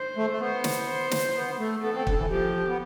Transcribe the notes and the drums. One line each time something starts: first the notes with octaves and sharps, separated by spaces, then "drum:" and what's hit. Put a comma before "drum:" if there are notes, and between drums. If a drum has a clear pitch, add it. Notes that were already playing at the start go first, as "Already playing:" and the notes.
Already playing: C5
A3
A3
B3 C5
drum: snare
C5
drum: snare
B3
A3
B3 A4
C4
D3, drum: kick
E3
F3 G4
B3